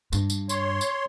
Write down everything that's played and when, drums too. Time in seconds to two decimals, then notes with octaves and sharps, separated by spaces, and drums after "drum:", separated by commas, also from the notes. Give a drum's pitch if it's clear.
0.13 G2, drum: tambourine
0.30 drum: tambourine
0.49 C#5 C6, drum: tambourine
0.81 drum: tambourine